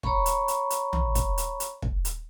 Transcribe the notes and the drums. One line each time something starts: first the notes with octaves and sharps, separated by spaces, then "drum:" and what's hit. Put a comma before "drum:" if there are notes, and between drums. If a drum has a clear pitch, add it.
C#5 A#5 B5 C#6, drum: kick
drum: hi-hat
drum: hi-hat
drum: hi-hat
drum: tom
drum: kick, hi-hat
drum: hi-hat
drum: hi-hat
drum: kick
drum: hi-hat